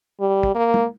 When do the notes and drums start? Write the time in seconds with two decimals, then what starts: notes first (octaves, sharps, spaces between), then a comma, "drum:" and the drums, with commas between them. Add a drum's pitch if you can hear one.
0.20 G3
0.43 drum: kick
0.55 A#3
0.74 drum: tom